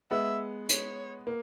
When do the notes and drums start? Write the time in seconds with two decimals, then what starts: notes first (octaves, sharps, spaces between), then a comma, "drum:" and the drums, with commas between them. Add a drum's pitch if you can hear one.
0.11 G#3 B3 E5
0.69 C#5, drum: hi-hat
1.27 A#3